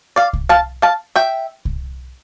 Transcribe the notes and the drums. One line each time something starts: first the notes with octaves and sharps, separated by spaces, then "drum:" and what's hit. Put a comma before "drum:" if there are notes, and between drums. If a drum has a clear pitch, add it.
D5 F5
drum: kick C2
F5 A5
F5 A5
E5 G5
drum: kick C2